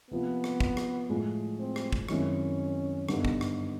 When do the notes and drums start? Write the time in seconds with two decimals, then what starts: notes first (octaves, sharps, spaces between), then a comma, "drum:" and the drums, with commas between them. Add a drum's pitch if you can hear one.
0.11 C3 F3 A#3 B3
0.44 drum: rim click
0.60 drum: kick
0.77 drum: rim click
1.09 A2 F3 G#3
1.59 C4
1.76 drum: rim click
1.93 drum: kick
2.09 F#2 D#3 G#3 C4 C#4 E4, drum: rim click
3.09 G2 D3 G3 B3 D#4, drum: rim click
3.25 drum: kick
3.41 drum: rim click